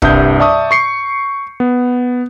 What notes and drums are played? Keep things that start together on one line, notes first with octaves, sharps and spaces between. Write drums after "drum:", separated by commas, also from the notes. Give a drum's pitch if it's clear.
C2 G2 D4 E5 D#6 G6, drum: kick
D5 E5 A5 C#6 D#6
C#6 C7 C#7
B3